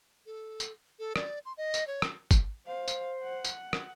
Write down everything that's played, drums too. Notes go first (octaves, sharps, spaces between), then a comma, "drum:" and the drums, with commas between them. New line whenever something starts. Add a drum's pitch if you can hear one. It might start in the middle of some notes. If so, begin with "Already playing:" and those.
A4
drum: tambourine
A4
D5, drum: rim click
C6
D#5
drum: tambourine
C#5
drum: rim click
drum: kick, tambourine
C5 F5
drum: tambourine
F#5
drum: tambourine
drum: rim click